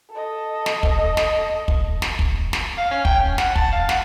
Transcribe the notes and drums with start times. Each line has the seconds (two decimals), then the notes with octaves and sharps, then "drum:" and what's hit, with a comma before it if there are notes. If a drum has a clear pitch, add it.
0.11 A4 D#5
0.66 drum: snare
0.83 drum: kick
1.17 drum: snare
1.68 drum: kick
2.02 drum: snare
2.19 drum: kick
2.53 drum: snare
2.78 F5
2.91 C#4
3.05 G5, drum: kick
3.25 C#4
3.38 F#5, drum: snare
3.56 A5, drum: kick
3.73 F5
3.89 F#5, drum: snare